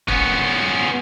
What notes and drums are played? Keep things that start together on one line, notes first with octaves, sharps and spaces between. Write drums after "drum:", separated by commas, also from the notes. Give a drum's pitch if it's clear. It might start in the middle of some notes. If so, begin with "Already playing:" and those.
B3 C#4, drum: kick